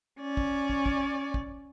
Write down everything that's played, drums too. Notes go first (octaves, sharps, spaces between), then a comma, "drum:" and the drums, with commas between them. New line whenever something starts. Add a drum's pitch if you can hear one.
C#4 D5
drum: kick
drum: kick
drum: kick
drum: kick